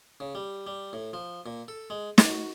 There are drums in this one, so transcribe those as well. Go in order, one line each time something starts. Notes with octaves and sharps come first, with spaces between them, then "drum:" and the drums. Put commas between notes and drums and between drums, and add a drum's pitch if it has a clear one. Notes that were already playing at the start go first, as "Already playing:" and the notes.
C#3
G3
G3
A2
F3
A#2
A4
G#3
D6, drum: snare
F#4